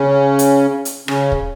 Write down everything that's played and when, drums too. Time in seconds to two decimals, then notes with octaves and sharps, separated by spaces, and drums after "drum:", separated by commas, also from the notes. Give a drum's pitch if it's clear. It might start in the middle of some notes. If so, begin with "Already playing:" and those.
Already playing: C#3 C#4
0.39 drum: hi-hat
0.85 drum: hi-hat
1.08 C#3 C#4, drum: rim click
1.32 drum: kick